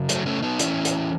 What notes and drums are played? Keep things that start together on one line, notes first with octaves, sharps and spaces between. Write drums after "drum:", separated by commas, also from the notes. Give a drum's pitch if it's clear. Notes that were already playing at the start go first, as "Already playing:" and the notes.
Already playing: F#2 C#3
F#3 A3, drum: hi-hat
A3 C#4
B3 D#4
E2 C#3 E3 C#4 E4, drum: hi-hat
drum: hi-hat